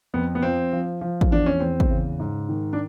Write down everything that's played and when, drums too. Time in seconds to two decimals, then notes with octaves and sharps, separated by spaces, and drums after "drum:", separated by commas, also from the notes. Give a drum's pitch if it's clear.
0.14 F2 B3
0.35 B3
0.43 F3 C4
0.73 F3
1.01 F3
1.21 drum: kick
1.31 E2 D4
1.46 C#4
1.60 E2 C4
1.80 drum: kick
1.90 C#3
2.20 G#2
2.49 D#3
2.73 D4